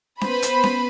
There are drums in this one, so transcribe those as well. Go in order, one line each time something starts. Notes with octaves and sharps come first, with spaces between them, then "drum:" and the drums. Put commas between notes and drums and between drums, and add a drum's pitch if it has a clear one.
B3 B4 C5 B5, drum: snare C#4
drum: hi-hat
drum: snare C#4